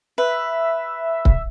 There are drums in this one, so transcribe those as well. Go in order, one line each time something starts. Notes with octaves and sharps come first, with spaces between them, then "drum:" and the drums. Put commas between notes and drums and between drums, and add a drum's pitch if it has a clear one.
B4 E5
drum: kick C#1